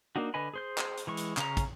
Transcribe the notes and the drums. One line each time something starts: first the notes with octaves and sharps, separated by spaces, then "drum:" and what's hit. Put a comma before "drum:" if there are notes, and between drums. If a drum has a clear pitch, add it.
A#3 D4 D#4 F#4
D3 B4 D#5 G#5 B5
G#4 C5 G6
drum: clap
drum: hi-hat
E3 G#3 C#6
drum: hi-hat
C#3 C#4 A#5, drum: clap
drum: kick, hi-hat